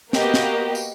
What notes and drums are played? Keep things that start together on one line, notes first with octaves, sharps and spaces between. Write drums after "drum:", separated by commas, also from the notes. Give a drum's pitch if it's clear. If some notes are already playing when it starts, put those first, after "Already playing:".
A#3 B3 F#4 G4 A#4 D#5, drum: snare
drum: snare
drum: tambourine